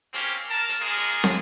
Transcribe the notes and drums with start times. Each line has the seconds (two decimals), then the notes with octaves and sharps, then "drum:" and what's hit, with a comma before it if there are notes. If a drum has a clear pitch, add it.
0.14 A#3 C4 C#4 G4, drum: hi-hat
0.49 A#4 A5
0.69 drum: hi-hat
0.80 G#3 A#3 F4 G#4
0.96 drum: hi-hat
1.24 drum: snare